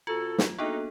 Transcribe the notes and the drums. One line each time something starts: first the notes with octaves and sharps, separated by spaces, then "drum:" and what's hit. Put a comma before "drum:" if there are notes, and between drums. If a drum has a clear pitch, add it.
C3 F4 F#4 A4
drum: snare
A#3 B3 D4 D#4 F#4 G#4 A4